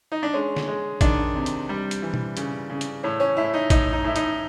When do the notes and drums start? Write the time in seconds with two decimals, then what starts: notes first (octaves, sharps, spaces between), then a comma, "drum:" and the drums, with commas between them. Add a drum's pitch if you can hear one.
0.12 D#4
0.23 D4
0.33 G#3 C#4
0.56 drum: snare
0.67 G#3
1.01 D#3 D4, drum: kick A1, hi-hat
1.35 C3
1.46 drum: hi-hat
1.69 G3
1.91 drum: hi-hat
2.02 E3
2.14 drum: tom
2.37 C#3, drum: hi-hat
2.70 C#3
2.81 drum: hi-hat
3.03 A2 C#4
3.20 C#4
3.37 A2 E4
3.54 D#4
3.70 A2 D#4, drum: kick A1, hi-hat
3.93 D#4
4.04 A2 E4
4.16 D#4, drum: hi-hat